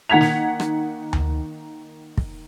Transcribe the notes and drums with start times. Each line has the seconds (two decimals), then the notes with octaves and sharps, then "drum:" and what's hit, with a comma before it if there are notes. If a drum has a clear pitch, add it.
0.09 D#3 A#3 F#5 G#6 B6 F7
0.21 drum: snare
0.60 drum: rim click
1.13 drum: tom D2
2.18 drum: kick